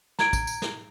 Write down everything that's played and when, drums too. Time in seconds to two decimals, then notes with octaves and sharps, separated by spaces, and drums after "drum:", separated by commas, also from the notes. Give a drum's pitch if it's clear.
0.19 A#5 G#6 D7, drum: snare
0.33 drum: kick, tambourine
0.47 drum: tambourine
0.62 drum: snare